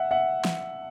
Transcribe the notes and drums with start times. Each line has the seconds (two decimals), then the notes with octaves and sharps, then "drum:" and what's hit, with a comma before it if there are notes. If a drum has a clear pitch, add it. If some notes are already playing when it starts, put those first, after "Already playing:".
Already playing: E5 F#5
0.11 E5 F#5
0.45 drum: snare